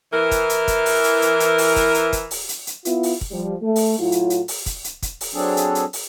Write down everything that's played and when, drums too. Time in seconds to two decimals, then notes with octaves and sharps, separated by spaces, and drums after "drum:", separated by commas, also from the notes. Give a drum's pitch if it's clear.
0.13 E3 A#4
0.31 drum: kick, hi-hat
0.49 drum: hi-hat
0.68 drum: kick, hi-hat
0.86 drum: open hi-hat
1.04 drum: hi-hat
1.22 drum: hi-hat
1.40 drum: hi-hat
1.58 drum: open hi-hat
1.76 drum: kick, hi-hat
1.94 drum: hi-hat
2.13 drum: kick, hi-hat
2.31 drum: open hi-hat
2.49 drum: hi-hat
2.67 drum: hi-hat
2.85 B3 E4 F4, drum: hi-hat
3.03 drum: open hi-hat
3.21 drum: kick
3.31 F3 G3
3.63 A3
3.76 drum: open hi-hat
3.99 A2 F#3 E4 F4
4.12 drum: hi-hat
4.30 drum: hi-hat
4.48 drum: open hi-hat
4.66 drum: kick, hi-hat
4.84 drum: hi-hat
5.02 drum: kick, hi-hat
5.21 drum: open hi-hat
5.34 F#3 C4 D4 G#4 A4
5.57 drum: hi-hat
5.75 drum: hi-hat
5.93 drum: open hi-hat